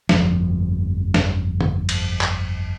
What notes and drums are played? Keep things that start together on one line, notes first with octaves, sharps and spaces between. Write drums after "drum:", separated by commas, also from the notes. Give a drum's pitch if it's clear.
G1 F2 F3, drum: snare
drum: snare
drum: tom D3
drum: cymbal
drum: clap